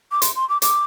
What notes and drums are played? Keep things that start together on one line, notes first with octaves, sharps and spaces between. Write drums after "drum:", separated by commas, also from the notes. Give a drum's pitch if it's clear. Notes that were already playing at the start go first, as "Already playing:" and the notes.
D6
C6, drum: hi-hat
C6
D6
D6, drum: hi-hat